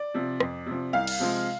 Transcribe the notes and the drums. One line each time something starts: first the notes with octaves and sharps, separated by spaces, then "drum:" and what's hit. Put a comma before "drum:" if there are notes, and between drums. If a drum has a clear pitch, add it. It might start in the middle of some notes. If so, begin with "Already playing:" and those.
Already playing: D5
C3 F3
F2, drum: rim click
C3 F3
C2 F5
drum: cymbal
C3 F3 G#3